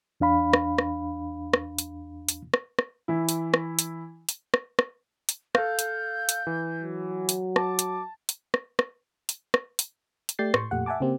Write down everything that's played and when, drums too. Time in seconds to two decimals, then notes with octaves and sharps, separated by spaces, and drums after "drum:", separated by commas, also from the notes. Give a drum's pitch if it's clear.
0.20 E2 D4 F5 B5
0.53 drum: rim click
0.78 drum: rim click
1.54 drum: rim click
1.79 drum: hi-hat
2.29 drum: hi-hat
2.54 drum: rim click
2.79 drum: rim click
3.08 E3 E4
3.29 drum: hi-hat
3.54 drum: rim click
3.79 drum: hi-hat
4.29 drum: hi-hat
4.54 drum: rim click
4.79 drum: rim click
5.29 drum: hi-hat
5.55 A4 F5 G6, drum: rim click
5.79 drum: hi-hat
6.29 drum: hi-hat
6.47 E3
6.82 F#3
7.29 drum: hi-hat
7.56 A5 D6, drum: rim click
7.79 drum: hi-hat
8.29 drum: hi-hat
8.54 drum: rim click
8.79 drum: rim click
9.29 drum: hi-hat
9.54 drum: rim click
9.79 drum: hi-hat
10.29 drum: hi-hat
10.39 A3 G4 D5 G6 A6 C7
10.54 A2 C6 C#6, drum: rim click
10.71 F2 A#2 A3 G4 F#5
10.86 E5 F#5 G#5 A5 D6
11.00 C#3 A#3 C4 G4